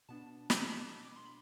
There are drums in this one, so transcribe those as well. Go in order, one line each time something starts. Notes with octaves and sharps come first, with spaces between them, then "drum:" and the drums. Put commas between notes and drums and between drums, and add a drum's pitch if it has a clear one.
B2 B3 D4 A5
drum: snare
A5
B5
D6
C6
B5